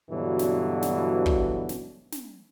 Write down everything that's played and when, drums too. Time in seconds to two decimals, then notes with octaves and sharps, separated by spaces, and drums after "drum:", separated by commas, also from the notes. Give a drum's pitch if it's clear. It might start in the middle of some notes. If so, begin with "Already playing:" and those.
0.10 G2 B2 D3 E3 F#3
0.39 drum: snare
0.82 drum: snare
1.26 drum: kick
1.69 drum: snare
2.12 drum: snare